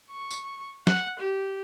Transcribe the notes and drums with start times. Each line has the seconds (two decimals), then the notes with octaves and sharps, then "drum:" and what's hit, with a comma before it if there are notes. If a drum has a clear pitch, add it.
0.11 C#6
0.31 drum: tambourine
0.87 F#5, drum: snare
1.19 G4